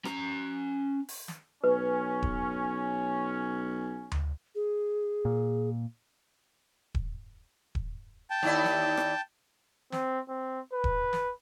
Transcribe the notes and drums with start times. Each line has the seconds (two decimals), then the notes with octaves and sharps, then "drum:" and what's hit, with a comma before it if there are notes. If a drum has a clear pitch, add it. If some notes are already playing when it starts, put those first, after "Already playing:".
0.05 C#4 A#5, drum: rim click
1.09 drum: open hi-hat
1.28 drum: snare
1.64 B1 C#4 B4
2.23 drum: kick D#1
4.12 drum: tom D2
4.55 G#4
5.25 A#2
6.95 drum: kick D#1
7.75 drum: kick D#1
8.30 G5 A5
8.43 D#2 E4 D5, drum: snare
8.64 drum: snare
8.97 drum: rim click
9.92 C4, drum: snare
10.29 C4
10.73 B4
10.84 drum: kick D#1
11.13 drum: snare